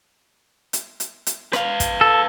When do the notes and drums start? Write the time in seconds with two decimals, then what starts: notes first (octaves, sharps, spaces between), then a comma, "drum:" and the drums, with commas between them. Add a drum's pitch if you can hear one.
0.73 drum: hi-hat
1.00 drum: hi-hat
1.27 drum: hi-hat
1.53 B4 F5, drum: rim click
1.80 drum: kick, hi-hat
2.01 A4